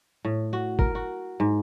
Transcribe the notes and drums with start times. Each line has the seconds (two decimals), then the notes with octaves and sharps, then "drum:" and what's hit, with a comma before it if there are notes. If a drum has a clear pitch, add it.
0.25 A2
0.53 F#4
0.79 A#4, drum: kick
0.95 F#4
1.40 G#2